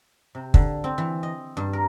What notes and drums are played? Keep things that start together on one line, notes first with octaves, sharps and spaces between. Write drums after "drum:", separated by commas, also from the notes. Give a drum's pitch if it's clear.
C3
D3, drum: kick
C4
E3
D#5
G2
A#4